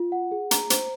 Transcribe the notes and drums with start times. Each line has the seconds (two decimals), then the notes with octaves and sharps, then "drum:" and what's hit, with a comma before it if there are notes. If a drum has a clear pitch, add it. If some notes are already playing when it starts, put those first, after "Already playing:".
Already playing: F4
0.12 F#5
0.31 G#4
0.51 A#5, drum: hi-hat
0.70 C5, drum: hi-hat